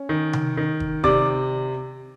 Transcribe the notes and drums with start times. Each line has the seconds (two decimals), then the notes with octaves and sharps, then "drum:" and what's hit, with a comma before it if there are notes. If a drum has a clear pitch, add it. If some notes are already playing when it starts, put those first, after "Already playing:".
Already playing: C#4
0.09 D#3
0.33 drum: tom C3
0.57 D#3
0.80 drum: kick F#1
1.04 C3 D5 D6, drum: kick F#1